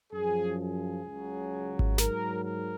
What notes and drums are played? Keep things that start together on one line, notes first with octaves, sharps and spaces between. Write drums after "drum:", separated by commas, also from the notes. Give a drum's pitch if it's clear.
F#2 F3 G#4
G#4
C#2 C#3 F#3
drum: kick G#1
G#2 F#3 A#4, drum: snare
A#4